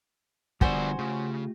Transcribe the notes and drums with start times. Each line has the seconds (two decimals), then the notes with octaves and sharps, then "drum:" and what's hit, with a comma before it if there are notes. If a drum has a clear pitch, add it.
0.61 D3 F3 G3 B3 F#4 C5 D5 G#5, drum: kick
0.98 C#3 A3 F4 G4